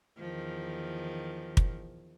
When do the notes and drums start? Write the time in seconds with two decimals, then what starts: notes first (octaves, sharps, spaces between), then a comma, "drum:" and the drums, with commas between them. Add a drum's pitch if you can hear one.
0.18 E2 D#3 F3
1.57 drum: kick